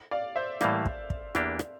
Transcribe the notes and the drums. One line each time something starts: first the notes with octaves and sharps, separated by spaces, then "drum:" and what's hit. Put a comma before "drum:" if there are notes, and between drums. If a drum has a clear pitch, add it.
D5 F5
C5 E5
A2 E3 G3 A#3 D5 F5, drum: rim click
drum: kick
drum: kick
E2 E3 A#3 D4 G4, drum: rim click
drum: rim click